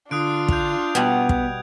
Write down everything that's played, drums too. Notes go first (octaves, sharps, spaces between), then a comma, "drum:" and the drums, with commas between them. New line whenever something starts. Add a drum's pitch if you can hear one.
D3 D4 F4 D#6 F#6 D7
G6 F7, drum: kick
B2 G3 B3 G#6
drum: kick